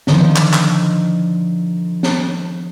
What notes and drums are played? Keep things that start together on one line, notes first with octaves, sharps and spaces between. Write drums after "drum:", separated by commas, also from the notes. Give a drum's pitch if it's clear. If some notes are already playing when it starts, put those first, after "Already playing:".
D3 D#3 F3, drum: snare
drum: clap
drum: clap
drum: snare